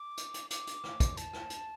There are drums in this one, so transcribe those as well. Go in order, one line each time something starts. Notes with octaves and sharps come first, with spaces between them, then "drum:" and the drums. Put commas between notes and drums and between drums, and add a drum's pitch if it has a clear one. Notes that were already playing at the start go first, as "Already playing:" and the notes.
Already playing: D6
drum: hi-hat
drum: hi-hat
D6, drum: hi-hat
drum: hi-hat
drum: rim click
drum: kick, hi-hat
A5, drum: hi-hat
drum: rim click
drum: hi-hat